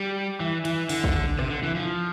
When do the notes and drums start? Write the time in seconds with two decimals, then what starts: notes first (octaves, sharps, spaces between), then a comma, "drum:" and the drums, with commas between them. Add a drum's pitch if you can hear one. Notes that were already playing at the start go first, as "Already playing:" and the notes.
Already playing: G3
0.40 E3
0.65 E3, drum: cymbal
0.89 D3, drum: open hi-hat
1.04 drum: kick
1.39 C3, drum: rim click
1.51 D3
1.63 E3
1.75 F3